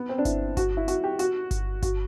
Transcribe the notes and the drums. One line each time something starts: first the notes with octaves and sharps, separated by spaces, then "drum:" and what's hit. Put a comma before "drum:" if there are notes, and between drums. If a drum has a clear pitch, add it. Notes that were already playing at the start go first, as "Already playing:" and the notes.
Already playing: B3
C4
D4
E4, drum: kick G1, hi-hat
F#4, drum: kick G1, hi-hat
E4
F#4, drum: hi-hat
G4
F#4, drum: hi-hat
drum: kick G1, hi-hat
F#4, drum: kick G1, hi-hat